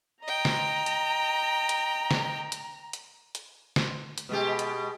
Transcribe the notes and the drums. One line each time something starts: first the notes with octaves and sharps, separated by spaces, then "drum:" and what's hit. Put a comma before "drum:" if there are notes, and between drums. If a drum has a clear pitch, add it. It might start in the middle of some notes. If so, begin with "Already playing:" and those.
D#5 G5 A#5
drum: snare
drum: hi-hat
drum: hi-hat
drum: snare
drum: hi-hat
drum: hi-hat
drum: hi-hat
drum: snare
drum: hi-hat
B2 G#3 G4
drum: hi-hat